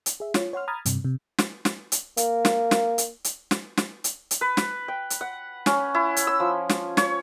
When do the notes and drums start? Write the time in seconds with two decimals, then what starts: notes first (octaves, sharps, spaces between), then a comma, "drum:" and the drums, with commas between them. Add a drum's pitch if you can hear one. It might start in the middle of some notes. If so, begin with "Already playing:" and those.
0.06 drum: hi-hat
0.20 G#4 E5
0.34 F4 C#5, drum: snare
0.53 C#5 F#5 C6 F6
0.68 A#5 B5 D#6 F6 G#6 A6
0.86 G2 C3, drum: hi-hat
1.05 C3
1.39 drum: snare
1.65 drum: snare
1.92 drum: hi-hat
2.17 A#3, drum: hi-hat
2.45 drum: snare
2.71 drum: snare
2.98 drum: hi-hat
3.24 drum: hi-hat
3.51 drum: snare
3.78 drum: snare
4.04 drum: hi-hat
4.31 drum: hi-hat
4.41 B4
4.57 drum: snare
4.88 G5
5.10 drum: hi-hat
5.21 F#5
5.66 C#4, drum: snare
5.95 E4
6.17 drum: hi-hat
6.27 E6
6.40 F3
6.70 drum: snare
6.97 C#5, drum: snare